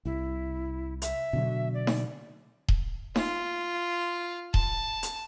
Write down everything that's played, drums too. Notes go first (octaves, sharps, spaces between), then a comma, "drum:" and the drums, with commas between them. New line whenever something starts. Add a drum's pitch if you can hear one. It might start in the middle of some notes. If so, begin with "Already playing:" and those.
C2 E4
E5, drum: hi-hat
B2 D3 F#3
D5
drum: snare D#4
drum: kick D#1
F4, drum: snare D#4
A5, drum: kick D#1
drum: hi-hat